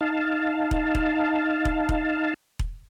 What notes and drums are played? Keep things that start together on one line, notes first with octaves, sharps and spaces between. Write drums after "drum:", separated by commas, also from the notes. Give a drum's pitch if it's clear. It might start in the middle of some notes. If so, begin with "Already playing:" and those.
D#4 F5 A5
drum: kick E1
drum: kick E1
drum: kick E1
drum: kick E1
drum: kick E1